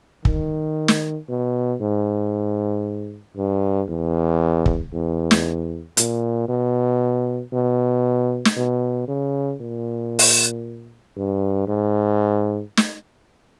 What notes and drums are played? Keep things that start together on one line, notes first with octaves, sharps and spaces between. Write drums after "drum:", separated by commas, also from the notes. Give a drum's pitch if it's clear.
D#3, drum: kick
drum: snare
B2
G#2
G2
E2
drum: kick
E2
drum: snare
A#2, drum: hi-hat
B2
B2
drum: snare
B2
C#3
A#2
drum: open hi-hat
G2
G#2
drum: snare